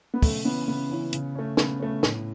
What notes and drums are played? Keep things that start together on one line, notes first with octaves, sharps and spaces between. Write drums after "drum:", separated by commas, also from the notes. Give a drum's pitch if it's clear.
B3
C#3 A3, drum: kick, open hi-hat
E3 B3 C#4 E4
C#3 B3
E3 C#4 E4
C#3, drum: hi-hat
A3 C#4
C#3 B3, drum: snare
A3 C#4
A2, drum: snare